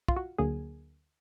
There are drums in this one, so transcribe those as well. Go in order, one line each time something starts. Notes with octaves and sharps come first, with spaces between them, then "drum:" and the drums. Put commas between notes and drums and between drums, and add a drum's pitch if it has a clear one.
F4, drum: kick
F#4
D2 D3 F#3 A#3 G#4